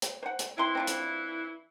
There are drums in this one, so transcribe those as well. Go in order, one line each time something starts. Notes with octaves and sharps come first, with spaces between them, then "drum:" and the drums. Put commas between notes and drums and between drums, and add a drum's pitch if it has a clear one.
drum: hi-hat
C5 F#5
drum: hi-hat
E3 C4 E4 C6
C4 D4 F4
drum: hi-hat